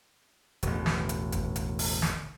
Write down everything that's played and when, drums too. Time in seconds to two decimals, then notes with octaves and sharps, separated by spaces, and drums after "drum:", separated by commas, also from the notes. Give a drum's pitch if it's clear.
0.63 E1 A1, drum: hi-hat
0.86 drum: snare
1.09 drum: hi-hat
1.32 drum: kick G#1, hi-hat
1.56 drum: hi-hat
1.79 drum: open hi-hat
2.02 drum: snare